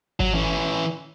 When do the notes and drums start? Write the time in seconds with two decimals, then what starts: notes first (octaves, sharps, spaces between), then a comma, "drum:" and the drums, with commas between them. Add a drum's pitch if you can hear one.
0.20 F#3, drum: kick G#1
0.35 E3 C#4